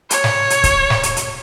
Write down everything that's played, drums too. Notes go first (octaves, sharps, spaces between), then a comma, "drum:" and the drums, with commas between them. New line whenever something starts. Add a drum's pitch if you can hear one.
C#5, drum: hi-hat
drum: snare
drum: hi-hat
drum: kick C#1, hi-hat
drum: snare
drum: hi-hat
drum: hi-hat